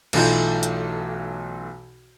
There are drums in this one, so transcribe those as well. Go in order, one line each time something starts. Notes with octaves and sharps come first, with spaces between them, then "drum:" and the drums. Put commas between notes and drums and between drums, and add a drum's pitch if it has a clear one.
B1 E3 A3 D#4 F4 G6, drum: cymbal
drum: hi-hat